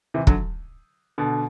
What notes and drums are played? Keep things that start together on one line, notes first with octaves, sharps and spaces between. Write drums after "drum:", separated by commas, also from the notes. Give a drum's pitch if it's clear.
C3 E3
D3 F#3, drum: kick
B2 D3